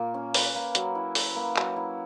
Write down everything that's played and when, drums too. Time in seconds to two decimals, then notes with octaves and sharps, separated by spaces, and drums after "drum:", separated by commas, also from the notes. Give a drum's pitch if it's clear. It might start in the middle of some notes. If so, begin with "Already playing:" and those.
Already playing: A#2 A#3
0.14 C#4
0.34 B4, drum: open hi-hat
0.55 A#3
0.75 F#3, drum: hi-hat
0.95 E4
1.15 B4, drum: open hi-hat
1.36 A#3
1.56 F#3, drum: clap
1.76 E4